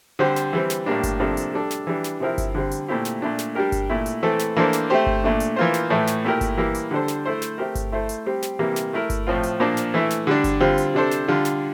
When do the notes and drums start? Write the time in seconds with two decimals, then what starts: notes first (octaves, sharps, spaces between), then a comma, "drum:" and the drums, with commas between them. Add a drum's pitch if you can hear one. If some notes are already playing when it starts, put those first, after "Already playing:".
0.19 D3 G3 C4 G4 C5
0.36 drum: snare
0.53 E3 G3 C4
0.70 drum: snare
0.86 A2 G3 A#3 D4
1.03 drum: kick G1, hi-hat
1.20 C3 F3 A#3 D4 A4
1.37 drum: hi-hat
1.54 G3 D4 A4
1.71 drum: snare
1.87 E3 G3 D4
2.04 drum: snare
2.20 C3 F3 C4 E4 A#4
2.38 drum: kick G1, hi-hat
2.55 D3 G3 C4
2.71 drum: hi-hat
2.88 A#2 A3 C4 E4 G4
3.05 drum: snare
3.22 A#2 A3 D4
3.39 drum: snare
3.55 G3 D4 G4 A#4
3.72 drum: kick G1, hi-hat
3.90 A#2 A3 E4
4.06 drum: hi-hat
4.23 E3 A3 C4 E4 A4
4.39 drum: snare
4.57 E3 A#3 D4 A4 C5
4.73 drum: snare
4.90 A3 C4 G4 C5
5.07 drum: kick G1
5.24 A#2 A3 D4
5.40 drum: hi-hat
5.56 E3 A#3 F4 C5
5.74 drum: snare
5.90 A2 E3 A3
6.07 drum: snare
6.25 A#2 A3 E4 G4 A#4
6.41 drum: kick G1, hi-hat
6.57 E3 G3 A#3 E4 G4
6.75 drum: hi-hat
6.91 D3 G3 D4 A4 C5
7.08 drum: snare
7.26 A3 E4 A4 C5
7.42 drum: snare
7.58 A3 C4 G4 A#4
7.75 drum: kick G1, hi-hat
7.92 A3 E4 A4 C5
8.09 drum: hi-hat
8.26 G3 C4 G4
8.42 drum: snare
8.59 C3 E3 G3 A#3
8.76 drum: snare
8.93 A3 E4 A#4
9.10 drum: kick G1, hi-hat
9.27 A2 F3 C4 F4
9.43 drum: hi-hat
9.60 A#2 F3 A#3 D4
9.77 drum: snare
9.94 E3 A3 E4
10.10 drum: snare
10.27 D3 G3 D4
10.44 drum: kick G1, hi-hat
10.60 D3 G3 C4 F4
10.78 drum: hi-hat
10.94 C3 G3 D4 A4 C5
11.11 drum: snare
11.28 D3 G3 D4 F4
11.45 drum: snare